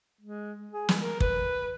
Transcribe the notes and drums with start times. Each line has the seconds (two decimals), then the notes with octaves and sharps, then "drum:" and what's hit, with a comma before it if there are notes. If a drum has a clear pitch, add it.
0.21 G#3
0.73 G#4
0.89 drum: snare
1.01 A#4
1.20 B4, drum: kick